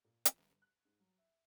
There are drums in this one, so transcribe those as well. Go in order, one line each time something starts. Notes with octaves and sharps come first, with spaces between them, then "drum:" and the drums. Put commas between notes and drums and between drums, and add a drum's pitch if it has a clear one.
A#2
F3, drum: hi-hat
G1
G1
F#6
G#2
F#3
E5